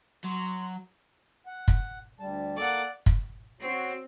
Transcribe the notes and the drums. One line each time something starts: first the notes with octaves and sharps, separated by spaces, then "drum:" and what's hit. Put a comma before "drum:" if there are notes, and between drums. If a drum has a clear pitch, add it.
F#3 C6
F#5
drum: kick
D2 G3 A5
A#3 A4 D5 F#5
drum: kick
C4 F#4 C#5